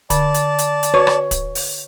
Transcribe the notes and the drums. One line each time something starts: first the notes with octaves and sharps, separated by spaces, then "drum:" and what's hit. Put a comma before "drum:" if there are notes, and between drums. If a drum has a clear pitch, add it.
D3 D5 A5, drum: kick, hi-hat
drum: hi-hat
drum: hi-hat
drum: hi-hat
F#4 B4 C#5 C#6
drum: rim click
drum: kick, hi-hat
drum: open hi-hat